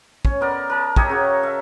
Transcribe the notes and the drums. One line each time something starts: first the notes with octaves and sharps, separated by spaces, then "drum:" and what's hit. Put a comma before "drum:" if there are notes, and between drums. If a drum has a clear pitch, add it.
C#4, drum: kick
B3 A#4 D5
A#4 A5
G4 C#5 D#5 E5, drum: kick
C#3 F#4
E5